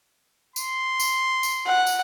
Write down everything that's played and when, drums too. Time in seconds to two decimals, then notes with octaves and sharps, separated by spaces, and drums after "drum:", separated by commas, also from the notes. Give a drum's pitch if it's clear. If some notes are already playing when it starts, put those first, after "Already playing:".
0.56 C6, drum: tambourine
1.00 drum: tambourine
1.43 drum: tambourine
1.67 F#5
1.87 drum: tambourine